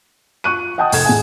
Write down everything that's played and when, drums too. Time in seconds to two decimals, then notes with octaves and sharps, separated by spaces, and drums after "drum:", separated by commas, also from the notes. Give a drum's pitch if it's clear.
0.44 F4 C#6 F#6 D#7
0.78 D#5 F#5 G5 A5 D#6
0.92 F1 A4 G#6, drum: open hi-hat
1.05 A2 G#4 F#5 G#5